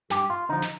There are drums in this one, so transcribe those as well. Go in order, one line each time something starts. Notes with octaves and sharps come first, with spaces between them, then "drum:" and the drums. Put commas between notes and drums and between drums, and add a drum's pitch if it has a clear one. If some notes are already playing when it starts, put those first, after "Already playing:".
G2 G4, drum: snare
F4
D3 F3 D#4
drum: snare